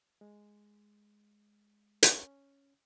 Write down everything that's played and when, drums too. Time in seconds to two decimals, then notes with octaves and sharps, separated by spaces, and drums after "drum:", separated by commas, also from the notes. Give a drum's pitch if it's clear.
0.21 G#3
2.03 drum: hi-hat
2.17 C#4